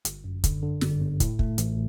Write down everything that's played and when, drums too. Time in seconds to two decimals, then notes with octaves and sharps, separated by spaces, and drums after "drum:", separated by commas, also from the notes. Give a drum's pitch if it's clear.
0.05 G1, drum: hi-hat
0.24 F#2
0.44 D3, drum: kick, hi-hat
0.62 D3
0.81 G1, drum: snare
1.01 G1
1.20 A2, drum: kick, hi-hat
1.39 A3, drum: kick
1.58 A1, drum: hi-hat